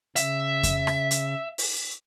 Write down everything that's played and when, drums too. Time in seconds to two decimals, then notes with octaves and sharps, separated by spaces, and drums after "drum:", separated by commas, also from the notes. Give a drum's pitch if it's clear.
0.16 C#3 E5, drum: hi-hat
0.63 drum: kick F2, hi-hat
0.87 drum: rim click
1.11 drum: hi-hat
1.58 drum: open hi-hat